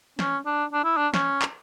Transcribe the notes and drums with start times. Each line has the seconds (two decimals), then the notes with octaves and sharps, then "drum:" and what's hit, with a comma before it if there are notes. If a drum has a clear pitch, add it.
0.19 C#4, drum: snare
0.46 D4
0.73 D4
0.84 E4
0.97 D4
1.14 C#4, drum: snare
1.42 drum: clap